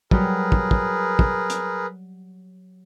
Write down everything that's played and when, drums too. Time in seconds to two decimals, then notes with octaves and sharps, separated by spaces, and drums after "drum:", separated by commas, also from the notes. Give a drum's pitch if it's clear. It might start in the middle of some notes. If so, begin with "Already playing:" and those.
0.11 F#3 G3 G#4 A#4 B4, drum: kick
0.52 drum: kick
0.71 drum: kick
1.19 drum: kick
1.50 drum: hi-hat